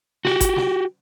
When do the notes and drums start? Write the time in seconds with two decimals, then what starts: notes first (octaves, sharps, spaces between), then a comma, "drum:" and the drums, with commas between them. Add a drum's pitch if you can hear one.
0.25 F#4 G4, drum: snare
0.41 drum: kick G1, hi-hat
0.56 drum: snare